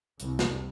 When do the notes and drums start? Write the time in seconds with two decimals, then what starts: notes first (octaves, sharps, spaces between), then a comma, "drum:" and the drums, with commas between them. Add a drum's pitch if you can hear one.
0.20 C2, drum: hi-hat
0.39 drum: snare